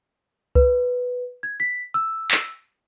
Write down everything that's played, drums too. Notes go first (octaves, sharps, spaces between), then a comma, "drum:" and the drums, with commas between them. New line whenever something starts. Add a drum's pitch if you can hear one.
B4, drum: kick C2
G#6
B6
E6
drum: clap